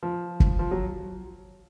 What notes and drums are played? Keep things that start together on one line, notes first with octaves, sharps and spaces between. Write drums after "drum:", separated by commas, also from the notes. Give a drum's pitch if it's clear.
F3
drum: kick
F3
F#3